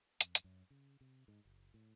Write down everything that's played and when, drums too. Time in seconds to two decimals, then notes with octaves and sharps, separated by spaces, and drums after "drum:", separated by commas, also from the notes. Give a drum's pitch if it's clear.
0.21 F2, drum: hi-hat
0.35 drum: hi-hat
0.44 F#2
0.70 C#3
1.01 C3
1.28 G#2
1.45 F#1
1.74 A2